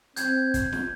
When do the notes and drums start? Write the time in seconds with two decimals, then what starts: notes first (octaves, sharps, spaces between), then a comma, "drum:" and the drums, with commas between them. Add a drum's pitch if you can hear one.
0.16 C4 G6 G#6, drum: hi-hat
0.54 drum: kick, hi-hat
0.73 drum: snare